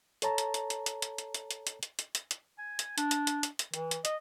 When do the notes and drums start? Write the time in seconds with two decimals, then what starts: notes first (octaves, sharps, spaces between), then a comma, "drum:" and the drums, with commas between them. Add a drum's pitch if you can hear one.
0.22 A4 C#5 A5 A#5, drum: hi-hat
0.38 drum: hi-hat
0.54 drum: hi-hat
0.70 drum: hi-hat
0.86 drum: hi-hat
1.02 drum: hi-hat
1.18 drum: hi-hat
1.34 drum: hi-hat
1.51 drum: hi-hat
1.67 drum: hi-hat
1.83 drum: hi-hat
1.99 drum: hi-hat
2.15 drum: hi-hat
2.31 drum: hi-hat
2.58 G#5
2.79 drum: hi-hat
2.98 D4, drum: hi-hat
3.11 drum: hi-hat
3.27 drum: hi-hat
3.43 drum: hi-hat
3.59 drum: hi-hat
3.74 E3, drum: hi-hat
3.91 drum: hi-hat
4.05 D#5, drum: hi-hat